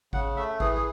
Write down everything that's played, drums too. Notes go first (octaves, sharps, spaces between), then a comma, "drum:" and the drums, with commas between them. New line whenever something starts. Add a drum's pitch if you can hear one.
C#3 F#5, drum: kick G#1
A3 E5
E3 G#4, drum: kick G#1
G#4